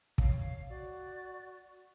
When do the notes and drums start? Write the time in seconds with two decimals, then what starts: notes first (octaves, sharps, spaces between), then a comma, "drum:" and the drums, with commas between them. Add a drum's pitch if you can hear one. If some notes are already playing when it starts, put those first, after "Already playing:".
0.18 C#5 F5, drum: kick
0.69 F#4 D5